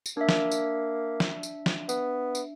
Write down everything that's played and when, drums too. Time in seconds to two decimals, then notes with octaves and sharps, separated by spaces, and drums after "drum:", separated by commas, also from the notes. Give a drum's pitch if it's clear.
0.06 drum: tambourine
0.17 A#3 D4 E5
0.29 drum: snare
0.52 drum: tambourine
1.20 drum: snare
1.43 drum: tambourine
1.66 drum: snare
1.89 B3, drum: tambourine
2.35 drum: tambourine